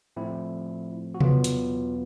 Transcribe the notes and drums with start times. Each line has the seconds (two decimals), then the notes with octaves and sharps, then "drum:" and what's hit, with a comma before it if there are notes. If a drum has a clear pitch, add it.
0.17 A2 F3 A3 C4 E4
1.14 F#4
1.21 E2 B2 F#3 B3 F4, drum: tom C3
1.44 drum: hi-hat